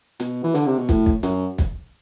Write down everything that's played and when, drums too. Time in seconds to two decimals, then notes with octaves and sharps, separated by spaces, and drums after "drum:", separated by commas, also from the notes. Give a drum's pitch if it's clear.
0.20 B2, drum: hi-hat
0.44 E3
0.55 D3, drum: hi-hat
0.66 C3
0.78 B2
0.89 A2, drum: kick, hi-hat
1.06 drum: kick
1.23 F#2, drum: hi-hat
1.58 drum: kick, hi-hat